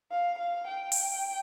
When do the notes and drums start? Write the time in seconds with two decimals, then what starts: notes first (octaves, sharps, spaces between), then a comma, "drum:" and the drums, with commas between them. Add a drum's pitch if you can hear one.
0.11 F5
0.39 F5
0.67 G5
0.92 drum: open hi-hat